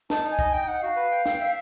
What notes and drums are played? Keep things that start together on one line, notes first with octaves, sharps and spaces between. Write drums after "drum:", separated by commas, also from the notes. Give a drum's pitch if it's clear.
D#4 A5, drum: snare
D#4
G#5
D#5, drum: kick
D#4 G5
D#4 F#5
F#4 F5
B4
G5
G5, drum: snare
E5